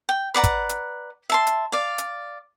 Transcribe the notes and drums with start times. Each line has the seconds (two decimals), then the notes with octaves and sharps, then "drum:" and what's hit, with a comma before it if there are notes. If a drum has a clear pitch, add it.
0.09 G5
0.34 B4 D5 F#5 A#5
0.44 drum: kick, hi-hat
0.69 drum: hi-hat
1.30 E5 A5 C6
1.47 drum: hi-hat
1.72 D5 F5
1.98 drum: hi-hat